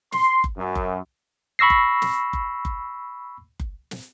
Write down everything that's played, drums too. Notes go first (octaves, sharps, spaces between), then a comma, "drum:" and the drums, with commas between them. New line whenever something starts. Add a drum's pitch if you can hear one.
C6, drum: snare
drum: kick F#1
F#2
drum: kick F#1
B5 C#6 E6 A#6 C7
drum: kick F#1
drum: snare
drum: kick F#1
drum: kick F#1
drum: kick F#1
drum: snare